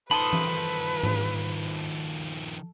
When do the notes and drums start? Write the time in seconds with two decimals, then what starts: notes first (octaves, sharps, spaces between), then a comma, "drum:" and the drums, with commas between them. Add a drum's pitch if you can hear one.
0.11 D#3 F3 A4 B4 B5 C6 D#6
0.33 drum: tom E3
1.03 drum: tom G#2